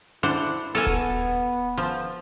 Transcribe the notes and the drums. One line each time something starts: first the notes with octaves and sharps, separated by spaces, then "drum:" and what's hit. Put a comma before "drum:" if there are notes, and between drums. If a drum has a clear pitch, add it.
D4 E4 C5 F#5
B3 A4 A#4 G#5
drum: kick D#1
F3